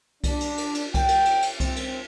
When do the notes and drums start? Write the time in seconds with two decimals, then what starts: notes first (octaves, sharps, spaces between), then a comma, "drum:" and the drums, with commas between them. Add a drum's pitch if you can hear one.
0.24 D4, drum: kick C2, cymbal
0.41 drum: cymbal
0.58 drum: cymbal
0.75 drum: cymbal
0.94 G5, drum: kick C2, cymbal
1.08 drum: cymbal
1.25 drum: cymbal
1.42 drum: cymbal
1.60 C4, drum: kick C2, cymbal
1.76 drum: cymbal